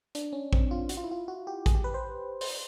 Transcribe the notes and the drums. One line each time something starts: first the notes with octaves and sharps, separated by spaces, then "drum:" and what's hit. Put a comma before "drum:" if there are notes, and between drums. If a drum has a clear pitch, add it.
D4, drum: hi-hat
C#4
C4, drum: kick A1
F4
F#4, drum: hi-hat
F4
E4
F4
F#4
G4
G#4, drum: kick A1, hi-hat
G4
B4
C5
C5, drum: open hi-hat